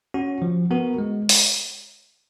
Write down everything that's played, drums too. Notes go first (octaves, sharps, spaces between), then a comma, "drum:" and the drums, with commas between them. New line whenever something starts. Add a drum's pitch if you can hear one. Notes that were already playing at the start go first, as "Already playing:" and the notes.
C#4 F#4
F3
B3 F#4 A#4
G#3
drum: open hi-hat